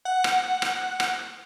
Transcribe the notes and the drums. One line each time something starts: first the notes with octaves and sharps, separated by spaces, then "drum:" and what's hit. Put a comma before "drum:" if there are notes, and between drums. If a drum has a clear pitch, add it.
F#5
drum: rim click
drum: rim click
drum: rim click